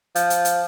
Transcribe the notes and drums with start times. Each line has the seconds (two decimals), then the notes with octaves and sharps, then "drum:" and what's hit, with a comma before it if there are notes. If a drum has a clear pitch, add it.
0.15 F3, drum: hi-hat
0.30 drum: hi-hat
0.45 drum: hi-hat